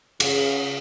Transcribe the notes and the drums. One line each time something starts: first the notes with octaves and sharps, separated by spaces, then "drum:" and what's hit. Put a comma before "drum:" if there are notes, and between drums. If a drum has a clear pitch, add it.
C#3 G#4, drum: cymbal